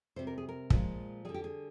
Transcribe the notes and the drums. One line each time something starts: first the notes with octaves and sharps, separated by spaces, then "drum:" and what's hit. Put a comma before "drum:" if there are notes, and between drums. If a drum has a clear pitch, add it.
C3 G3 C5
A#4
G#4
A#4
A#2 F3 G#3, drum: kick
D3 G3 G#4
G4
G#4